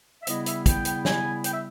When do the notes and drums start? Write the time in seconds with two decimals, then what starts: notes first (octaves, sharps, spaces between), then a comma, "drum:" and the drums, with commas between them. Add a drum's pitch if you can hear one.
0.22 E5
0.27 C#3 G3 B3 E4 D#5, drum: hi-hat
0.46 E5, drum: hi-hat
0.66 G5, drum: kick, hi-hat
0.85 G5, drum: hi-hat
1.05 G#5, drum: snare
1.44 G5, drum: hi-hat
1.52 E5